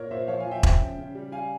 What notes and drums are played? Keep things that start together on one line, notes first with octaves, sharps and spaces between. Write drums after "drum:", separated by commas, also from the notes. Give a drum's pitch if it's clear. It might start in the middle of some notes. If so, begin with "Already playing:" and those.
Already playing: A#2 A#4 C#5
A#2 C5 E5
F3 C#5 F5
F5 G#5
F3
E5 G5
F3, drum: kick E1
C#3
C#3
G3
G3 F5 G#5